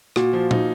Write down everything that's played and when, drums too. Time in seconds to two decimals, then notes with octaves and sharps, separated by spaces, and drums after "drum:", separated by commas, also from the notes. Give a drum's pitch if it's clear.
0.16 A#2 F#4, drum: rim click
0.33 F3
0.51 D#4, drum: tom A#2